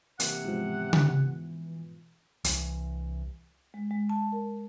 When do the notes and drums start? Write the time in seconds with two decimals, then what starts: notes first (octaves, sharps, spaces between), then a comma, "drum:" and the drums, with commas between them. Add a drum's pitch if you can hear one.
0.20 C3 E3 A#3 F#5, drum: hi-hat
0.44 G#2 B2 F3
0.93 drum: tom C#3
2.44 C2 E3, drum: hi-hat
3.74 G#3
3.91 G#3
4.10 A5
4.32 A#4